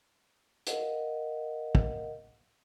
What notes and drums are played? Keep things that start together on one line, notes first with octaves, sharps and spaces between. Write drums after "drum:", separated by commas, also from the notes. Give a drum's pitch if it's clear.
A#4 D#5 F5 F#5, drum: hi-hat
drum: kick